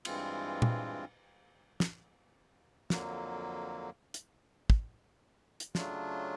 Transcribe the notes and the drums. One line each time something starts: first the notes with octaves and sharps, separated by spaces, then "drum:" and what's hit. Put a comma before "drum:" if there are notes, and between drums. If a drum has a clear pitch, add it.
G2 E3 G#3 C4 F4, drum: cymbal
drum: tom
drum: snare
F2 D3 F#3 A#3, drum: snare
drum: hi-hat
drum: kick
drum: hi-hat
C#3 F#3 A3 D4 F4, drum: snare